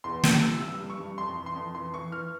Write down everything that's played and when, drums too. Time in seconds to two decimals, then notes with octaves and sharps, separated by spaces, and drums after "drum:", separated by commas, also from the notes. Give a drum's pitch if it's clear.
0.04 E2 C6
0.23 C3, drum: snare
0.43 C3 E6
0.61 G2 E6
0.80 G2
0.90 C#6
0.99 G2
1.18 F2 C6
1.37 E3
1.46 C6
1.56 F2
1.75 E3 C6
1.94 E3 C#6
2.12 E3 F6